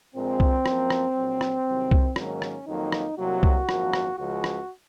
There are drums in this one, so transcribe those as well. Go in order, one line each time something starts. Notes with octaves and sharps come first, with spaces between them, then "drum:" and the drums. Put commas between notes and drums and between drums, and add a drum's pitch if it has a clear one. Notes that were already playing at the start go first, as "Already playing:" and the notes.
A#1 A#2 G#3 C4
drum: kick C2
F#2 F3 A#3, drum: rim click
drum: rim click
A#1 A#2 F#3
drum: rim click
C2 C3 D#3 F#3
drum: kick C2
G#2 D#3 F#3 A#3 C#4, drum: rim click
drum: rim click
F2 D#3 F#3 A#3 D#4
drum: rim click
C2 C3 F#3 A#3 F#4
drum: kick C2
G#1 F#2 F3 A#3, drum: rim click
drum: rim click
C#2 C#3 F3 G#3 F#4
drum: rim click